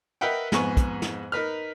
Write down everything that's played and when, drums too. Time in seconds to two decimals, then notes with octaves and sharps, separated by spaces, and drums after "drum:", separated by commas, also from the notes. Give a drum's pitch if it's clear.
0.21 A#4 B4 D#5 E5 F#5 G5
0.52 F2 G#2 B3 G#5 C#6, drum: snare
0.77 drum: kick, hi-hat
1.02 drum: snare
1.32 D#4 A#4 B4 F6